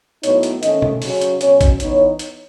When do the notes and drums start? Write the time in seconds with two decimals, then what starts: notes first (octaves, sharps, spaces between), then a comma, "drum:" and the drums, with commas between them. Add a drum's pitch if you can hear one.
0.23 A2 F#3 B3 D#4 C#5, drum: hi-hat
0.43 drum: hi-hat
0.63 D#3 A3 C#4 D#5, drum: hi-hat
0.82 drum: tom
1.02 C#3 F#3 C#4, drum: open hi-hat
1.21 drum: hi-hat
1.41 B2 F#3 C#4 C#5, drum: hi-hat
1.61 drum: kick, hi-hat
1.80 E3 B3 D#4 C#5, drum: hi-hat
2.19 drum: hi-hat